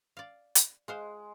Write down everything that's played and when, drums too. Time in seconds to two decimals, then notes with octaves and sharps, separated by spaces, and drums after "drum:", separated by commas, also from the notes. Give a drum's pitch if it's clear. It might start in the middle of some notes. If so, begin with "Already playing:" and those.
0.17 D5 F5
0.55 drum: hi-hat
0.88 G#3 C5 F5 F#5